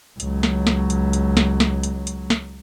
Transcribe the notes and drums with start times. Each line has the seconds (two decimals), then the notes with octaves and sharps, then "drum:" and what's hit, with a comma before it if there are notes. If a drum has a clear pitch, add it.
0.20 C#2 F#3, drum: hi-hat
0.43 drum: snare
0.67 drum: snare
0.90 drum: hi-hat
1.13 drum: hi-hat
1.37 drum: snare
1.60 drum: snare
1.83 drum: hi-hat
2.07 drum: hi-hat
2.30 drum: snare